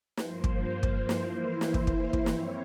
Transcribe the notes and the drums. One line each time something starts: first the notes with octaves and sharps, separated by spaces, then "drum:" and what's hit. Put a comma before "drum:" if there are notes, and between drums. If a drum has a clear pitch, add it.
G2 F3 A#3 C5, drum: snare
drum: kick
drum: kick
drum: snare
E3 A#3 E4 C5
drum: snare
drum: kick
drum: kick
drum: kick
G2 F3 C4 E4 C#5, drum: snare